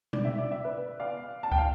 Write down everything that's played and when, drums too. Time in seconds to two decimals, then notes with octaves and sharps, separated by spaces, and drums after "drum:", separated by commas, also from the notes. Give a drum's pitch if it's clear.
0.13 D5, drum: tom B2
0.25 E5
0.38 D5
0.52 E5
0.64 B4 D5
1.00 D5 F5
1.43 A5
1.52 G5, drum: kick C#2
1.58 F5